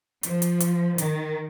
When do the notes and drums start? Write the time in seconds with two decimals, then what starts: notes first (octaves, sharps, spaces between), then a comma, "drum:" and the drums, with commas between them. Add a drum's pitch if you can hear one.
0.23 F3, drum: hi-hat
0.42 drum: hi-hat
0.60 drum: hi-hat
0.98 D#3, drum: hi-hat